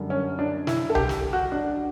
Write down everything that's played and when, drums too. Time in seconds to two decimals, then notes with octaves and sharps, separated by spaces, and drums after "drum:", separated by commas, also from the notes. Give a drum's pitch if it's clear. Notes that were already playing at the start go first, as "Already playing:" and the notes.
Already playing: F#2 D3 G3
0.10 C#4
0.39 D4
0.67 E4, drum: snare
0.90 A4
0.95 G4, drum: tom C2
1.09 drum: snare
1.33 F#4
1.52 D4